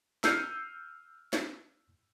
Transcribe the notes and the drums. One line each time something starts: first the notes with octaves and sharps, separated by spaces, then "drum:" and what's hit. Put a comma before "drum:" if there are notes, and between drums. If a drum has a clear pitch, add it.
E6 F6 G6 C7 C#7 D#7, drum: snare
drum: snare